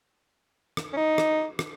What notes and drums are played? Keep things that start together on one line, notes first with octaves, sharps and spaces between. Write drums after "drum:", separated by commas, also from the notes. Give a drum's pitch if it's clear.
drum: rim click
C#4
D#4
drum: rim click
drum: rim click